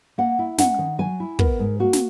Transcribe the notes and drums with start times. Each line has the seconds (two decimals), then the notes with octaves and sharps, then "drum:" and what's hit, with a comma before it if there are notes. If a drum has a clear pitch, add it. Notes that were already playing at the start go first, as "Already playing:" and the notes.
0.18 A#3 F#5
0.39 E4
0.58 C#4 F#5, drum: snare
0.79 D#3
0.98 F#3 G#5
1.20 E4
1.39 B3 A#4, drum: kick
1.59 G#2
1.79 A#3 F#4
1.93 drum: snare